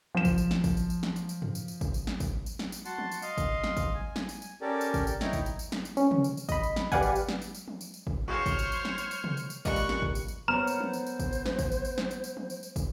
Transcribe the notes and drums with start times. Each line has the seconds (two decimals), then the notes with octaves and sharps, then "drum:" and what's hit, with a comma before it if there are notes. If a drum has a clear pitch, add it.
0.15 F3 E7
0.25 drum: kick, tambourine
0.38 drum: tambourine
0.51 drum: snare
0.64 drum: kick, tambourine
0.77 drum: tambourine
0.90 drum: tambourine
1.03 drum: snare
1.16 drum: tambourine
1.29 drum: tambourine
1.42 drum: tom
1.55 drum: tambourine
1.68 drum: tambourine
1.81 drum: kick, tambourine
1.94 drum: tambourine
2.07 drum: snare
2.20 drum: kick, tambourine
2.46 drum: tambourine
2.59 drum: snare
2.72 drum: tambourine
2.85 F#4 F#5 A5 C6, drum: tambourine
2.98 drum: tom
3.11 drum: tambourine
3.22 D#5 F5 C6, drum: tambourine
3.38 drum: kick, tambourine
3.64 drum: snare
3.77 drum: kick, tambourine
3.94 G#5
4.16 drum: snare
4.29 drum: tambourine
4.42 drum: tambourine
4.61 C#4 G4 A4 A#4 D5
4.81 drum: tambourine
4.94 drum: kick, tambourine
5.07 drum: tambourine
5.21 D#4 E4 C#5 G5 A#5, drum: snare
5.33 drum: kick, tambourine
5.46 drum: tambourine
5.59 drum: tambourine
5.72 drum: snare
5.85 drum: tambourine
5.97 C#4, drum: tambourine
6.11 drum: tom
6.24 drum: tambourine
6.37 drum: tambourine
6.49 D#5 B5, drum: kick, tambourine
6.63 drum: tambourine
6.76 drum: snare
6.92 G4 B4 D5 F5 F#5 G#5, drum: kick, tambourine
7.02 drum: tambourine
7.15 drum: tambourine
7.29 drum: snare
7.42 drum: tambourine
7.55 drum: tambourine
7.68 drum: tom
7.81 drum: tambourine
7.94 drum: tambourine
8.07 drum: kick
8.28 F#4 G#4 C5 C#5 F5 F6
8.46 drum: kick, tambourine
8.59 drum: tambourine
8.72 drum: tambourine
8.85 drum: snare
8.98 drum: tambourine
9.11 drum: tambourine
9.24 drum: tom
9.37 drum: tambourine
9.50 drum: tambourine
9.65 A#2 G3 G#3 A#3 D#4 C#6 F#6, drum: kick, tambourine
9.76 drum: tambourine
9.89 drum: snare
10.02 drum: kick
10.15 drum: tambourine
10.28 drum: tambourine
10.48 B3 A#4 C5 C#5 A#5 F6 E7
10.67 drum: tambourine
10.80 drum: tom
10.93 drum: tambourine
11.06 drum: tambourine
11.20 drum: kick, tambourine
11.33 drum: tambourine
11.46 drum: snare
11.59 drum: kick, tambourine
11.72 drum: tambourine
11.85 drum: tambourine
11.98 drum: snare
12.11 drum: tambourine
12.24 drum: tambourine
12.37 drum: tom
12.50 drum: tambourine
12.63 drum: tambourine
12.76 drum: kick, tambourine